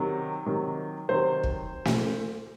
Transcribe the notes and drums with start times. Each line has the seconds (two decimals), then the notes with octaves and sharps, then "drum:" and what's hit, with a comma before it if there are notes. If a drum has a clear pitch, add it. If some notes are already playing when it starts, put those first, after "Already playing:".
Already playing: C3 D#3 F#3
0.46 C3 D#3 F#3
1.09 C3 D#3 F#3 C5
1.43 drum: kick
1.85 drum: snare